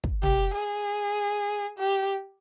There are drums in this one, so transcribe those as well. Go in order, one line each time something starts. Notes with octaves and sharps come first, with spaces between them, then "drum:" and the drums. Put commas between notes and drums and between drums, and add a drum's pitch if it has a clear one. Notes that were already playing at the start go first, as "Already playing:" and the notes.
drum: kick
G4, drum: tom
G#4
G4